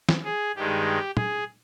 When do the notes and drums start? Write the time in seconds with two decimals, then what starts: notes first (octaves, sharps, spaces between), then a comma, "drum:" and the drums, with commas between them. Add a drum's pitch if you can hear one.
0.09 drum: snare
0.24 G#4
0.55 G2 D#3 G#3 G4
1.17 G#4, drum: tom